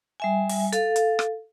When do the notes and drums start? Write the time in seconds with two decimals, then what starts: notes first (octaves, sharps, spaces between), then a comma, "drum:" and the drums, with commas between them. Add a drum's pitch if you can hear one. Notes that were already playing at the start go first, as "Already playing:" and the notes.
0.20 G3 E5 G#5
0.49 drum: open hi-hat
0.72 A4 F5, drum: hi-hat
0.96 drum: hi-hat
1.19 drum: rim click